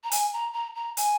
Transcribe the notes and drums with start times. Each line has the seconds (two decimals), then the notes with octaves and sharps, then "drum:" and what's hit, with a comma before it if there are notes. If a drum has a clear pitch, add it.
0.04 A#5
0.11 G#5, drum: hi-hat
0.33 A#5
0.53 A#5
0.75 A#5
0.97 G#5, drum: hi-hat